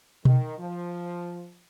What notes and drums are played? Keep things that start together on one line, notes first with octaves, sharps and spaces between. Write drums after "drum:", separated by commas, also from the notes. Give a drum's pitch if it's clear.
D#3, drum: tom B2
F3